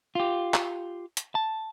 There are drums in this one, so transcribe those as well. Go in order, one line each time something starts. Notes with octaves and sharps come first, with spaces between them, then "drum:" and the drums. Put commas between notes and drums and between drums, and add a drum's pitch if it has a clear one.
F4 G4
drum: clap
drum: hi-hat
A5